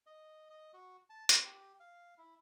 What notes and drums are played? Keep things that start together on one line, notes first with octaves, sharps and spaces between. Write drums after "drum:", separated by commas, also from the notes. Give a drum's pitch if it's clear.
D#5
D#5
F#4
A5
D5, drum: hi-hat
G4
F5
E4